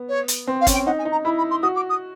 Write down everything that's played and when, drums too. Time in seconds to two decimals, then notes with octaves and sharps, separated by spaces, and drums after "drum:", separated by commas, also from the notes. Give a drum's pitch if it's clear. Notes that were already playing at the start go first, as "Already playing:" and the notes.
Already playing: B3
0.08 C#5
0.28 drum: hi-hat
0.48 C4
0.61 F5
0.67 C#4, drum: kick, hi-hat
0.74 G5
0.86 D#4 F#5
0.99 G#5
1.05 D#4
1.12 A#5
1.25 E4 B5
1.37 B5
1.51 C6
1.62 F#4 D#6
1.76 D6
1.89 D#6